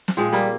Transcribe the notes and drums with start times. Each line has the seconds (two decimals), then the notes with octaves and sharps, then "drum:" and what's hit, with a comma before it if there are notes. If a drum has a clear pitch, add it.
0.08 drum: snare
0.17 A#2 F3 G#3 C4
0.33 G3 A#3